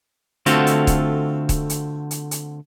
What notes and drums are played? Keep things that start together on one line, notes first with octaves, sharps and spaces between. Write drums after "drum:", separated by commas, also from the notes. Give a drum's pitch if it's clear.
D3 A3 C4 F4 F#4 A4, drum: hi-hat
drum: hi-hat
drum: kick, hi-hat
drum: kick, hi-hat
drum: hi-hat
drum: hi-hat
drum: hi-hat